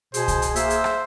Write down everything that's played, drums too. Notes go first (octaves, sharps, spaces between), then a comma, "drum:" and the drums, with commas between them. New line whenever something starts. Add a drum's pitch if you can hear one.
B2 G#4 C5, drum: hi-hat
drum: kick C2, hi-hat
drum: hi-hat
A#3 C5 E5, drum: hi-hat
drum: hi-hat
drum: rim click